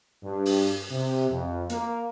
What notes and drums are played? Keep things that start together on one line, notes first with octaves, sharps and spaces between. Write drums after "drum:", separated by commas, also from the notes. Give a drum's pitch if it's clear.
G2
drum: open hi-hat
C3
F2
A#3, drum: hi-hat